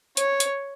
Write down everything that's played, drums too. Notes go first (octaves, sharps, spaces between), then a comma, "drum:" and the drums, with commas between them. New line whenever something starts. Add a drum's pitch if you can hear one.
C#5, drum: hi-hat
drum: hi-hat